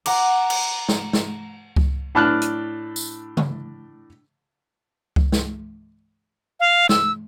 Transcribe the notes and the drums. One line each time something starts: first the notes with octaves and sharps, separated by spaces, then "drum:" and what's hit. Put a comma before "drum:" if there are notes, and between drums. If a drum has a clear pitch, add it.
F#5 A#5 D6, drum: cymbal
drum: cymbal
drum: snare
drum: snare
drum: kick C#2
A2 D4 A5 F6 F#6
drum: hi-hat
drum: tambourine
drum: tom C#3
drum: kick C#2
drum: snare
F5
E6, drum: snare